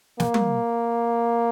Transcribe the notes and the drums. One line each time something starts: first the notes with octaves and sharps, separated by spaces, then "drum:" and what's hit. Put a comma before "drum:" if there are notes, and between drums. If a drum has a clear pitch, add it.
A#3, drum: snare
drum: tom